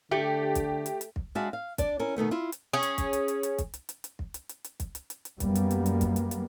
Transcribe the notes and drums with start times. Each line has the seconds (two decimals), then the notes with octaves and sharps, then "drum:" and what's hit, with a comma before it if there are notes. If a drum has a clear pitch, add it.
0.11 D3 A3 G4
0.55 drum: kick, hi-hat
0.86 drum: hi-hat
1.01 drum: hi-hat
1.16 drum: kick
1.35 G#3 D4 F#4 G#4 E5 F5
1.53 F5
1.78 D4 D5, drum: kick, hi-hat
1.99 C#4 E4 A#4
2.16 B2 D#3 A3 B3
2.31 E4 F4
2.52 drum: hi-hat
2.73 C#4 G#4
2.83 drum: hi-hat
2.98 drum: kick, hi-hat
3.13 drum: hi-hat
3.28 drum: hi-hat
3.43 drum: hi-hat
3.58 drum: kick, hi-hat
3.74 drum: hi-hat
3.89 drum: hi-hat
4.04 drum: hi-hat
4.19 drum: kick
4.34 drum: hi-hat
4.49 drum: hi-hat
4.64 drum: hi-hat
4.80 drum: kick, hi-hat
4.95 drum: hi-hat
5.10 drum: hi-hat
5.25 drum: hi-hat
5.40 F#2 G3 A#3 B3, drum: kick, hi-hat
5.55 drum: hi-hat
5.71 drum: hi-hat
5.86 drum: hi-hat
6.01 drum: kick, hi-hat
6.16 drum: hi-hat
6.31 drum: hi-hat